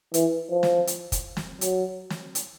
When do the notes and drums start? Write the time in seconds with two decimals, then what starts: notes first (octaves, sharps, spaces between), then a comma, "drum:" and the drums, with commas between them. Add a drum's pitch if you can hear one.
0.14 E3, drum: hi-hat
0.51 F3
0.63 drum: snare
0.87 drum: hi-hat
1.12 drum: kick, hi-hat
1.37 drum: snare
1.61 F#3, drum: hi-hat
2.10 drum: snare
2.35 drum: hi-hat